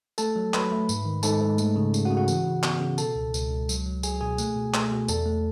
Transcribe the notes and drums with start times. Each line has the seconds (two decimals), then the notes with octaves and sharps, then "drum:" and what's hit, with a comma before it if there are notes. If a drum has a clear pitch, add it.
0.18 A3 A4 A5, drum: tambourine
0.36 F#3
0.54 F#3 B4 B5, drum: clap
0.71 A3
0.89 G#2, drum: tambourine
1.05 D#3
1.23 G#2 A4 A5, drum: tambourine
1.41 G#2
1.58 A3, drum: tambourine
1.76 C#3
1.94 C#3, drum: tambourine
2.05 F#4 F#5
2.10 C#3
2.17 F#4 F#5
2.28 E3, drum: tambourine
2.45 C#3
2.63 B3, drum: clap
2.80 C#3
2.98 B2 A4 A5, drum: tambourine
3.15 C#2
3.34 C#2, drum: tambourine
3.50 C#2
3.69 F#3, drum: tambourine
3.86 F#3
4.03 F#3 G#4 G#5, drum: tambourine
4.21 B2 G#4 G#5
4.38 A3, drum: tambourine
4.55 B2
4.74 A3, drum: clap
4.91 B2
5.08 E2 A4 A5, drum: tambourine
5.26 A3